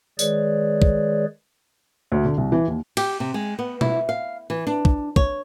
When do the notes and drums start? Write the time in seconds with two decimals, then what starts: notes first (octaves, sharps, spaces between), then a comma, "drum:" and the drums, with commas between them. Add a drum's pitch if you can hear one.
0.19 D#3 G#3 G#4 B4 C#5 D5, drum: tambourine
0.82 drum: kick
2.12 D2
2.25 D3
2.38 C2
2.52 E3
2.68 D#2
2.97 G4, drum: cymbal
3.20 C3
3.34 G#3
3.59 B3
3.81 E4, drum: tom
4.09 F5
4.50 E3
4.67 D4
4.85 drum: kick
5.16 C#5, drum: kick